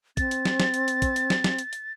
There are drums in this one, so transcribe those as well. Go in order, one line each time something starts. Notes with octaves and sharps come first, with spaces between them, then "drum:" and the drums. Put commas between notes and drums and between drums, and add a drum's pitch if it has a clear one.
C4 A6, drum: kick, hi-hat
drum: hi-hat
drum: snare
drum: snare
drum: hi-hat
drum: hi-hat
drum: kick, hi-hat
drum: hi-hat
drum: snare
drum: snare
drum: hi-hat
drum: hi-hat